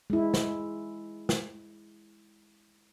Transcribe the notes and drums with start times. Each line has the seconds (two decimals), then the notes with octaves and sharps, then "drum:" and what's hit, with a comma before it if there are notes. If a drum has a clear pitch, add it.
0.10 G#3 E4
0.34 drum: snare
1.29 drum: snare